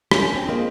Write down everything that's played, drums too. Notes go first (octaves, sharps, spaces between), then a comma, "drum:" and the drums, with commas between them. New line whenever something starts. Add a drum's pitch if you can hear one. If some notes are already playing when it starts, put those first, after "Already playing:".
C#4 D4, drum: rim click
C#4
C4
A#3 F4 G#4 C5 D#5